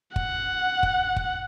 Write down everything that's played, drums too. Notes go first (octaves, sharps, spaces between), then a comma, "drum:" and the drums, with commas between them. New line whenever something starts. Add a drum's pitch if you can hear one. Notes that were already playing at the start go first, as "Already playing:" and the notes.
F#5, drum: kick
drum: kick
drum: kick